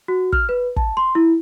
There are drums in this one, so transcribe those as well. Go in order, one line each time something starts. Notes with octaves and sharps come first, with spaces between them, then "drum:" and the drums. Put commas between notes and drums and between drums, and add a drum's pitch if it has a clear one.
F#4
F6, drum: kick
B4
A5, drum: kick
C6
E4